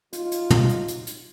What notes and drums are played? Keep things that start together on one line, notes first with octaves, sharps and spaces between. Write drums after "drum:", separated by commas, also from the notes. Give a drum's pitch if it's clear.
F#3 D#4 F4, drum: hi-hat
drum: hi-hat
drum: tom
drum: hi-hat
drum: hi-hat
drum: hi-hat